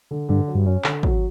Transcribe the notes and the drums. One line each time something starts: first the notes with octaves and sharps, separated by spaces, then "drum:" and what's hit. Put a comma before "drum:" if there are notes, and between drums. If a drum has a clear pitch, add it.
D3
G2 D3
F#3
G2
F#2 C#4
D3, drum: clap
F#3, drum: kick